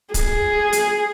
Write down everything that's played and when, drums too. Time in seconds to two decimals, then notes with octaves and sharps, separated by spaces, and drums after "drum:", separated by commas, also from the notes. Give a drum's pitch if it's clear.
0.14 G#4, drum: kick, hi-hat
0.73 drum: hi-hat